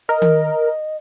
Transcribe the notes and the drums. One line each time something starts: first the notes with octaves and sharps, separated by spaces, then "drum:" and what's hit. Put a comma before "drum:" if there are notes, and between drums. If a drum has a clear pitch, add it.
A#4 D#5
drum: tom D#3